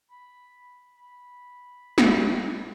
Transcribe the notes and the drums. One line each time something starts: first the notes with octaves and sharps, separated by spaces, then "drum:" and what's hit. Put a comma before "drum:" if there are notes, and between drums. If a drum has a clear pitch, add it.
B5
B5
drum: snare